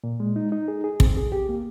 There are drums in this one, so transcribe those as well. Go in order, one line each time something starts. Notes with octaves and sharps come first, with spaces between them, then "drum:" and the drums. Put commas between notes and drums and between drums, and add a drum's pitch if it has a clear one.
A#2
G#3
D#4
D#4
G#4
G#4
C4, drum: kick
G#4
G4
A#3